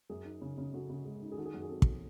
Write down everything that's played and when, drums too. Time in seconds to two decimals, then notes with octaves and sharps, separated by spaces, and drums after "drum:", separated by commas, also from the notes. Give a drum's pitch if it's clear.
0.10 F#2 G#4
0.25 D#4
0.41 C#3
0.58 C#3
0.73 C#3 F#4 A4
0.90 C#3
1.05 G#3
1.22 D#4
1.32 G#4
1.37 D#3 F#4 A4
1.45 G#4
1.53 F#2 F#4
1.62 G#4
1.69 C4 F#4 A4
1.82 drum: kick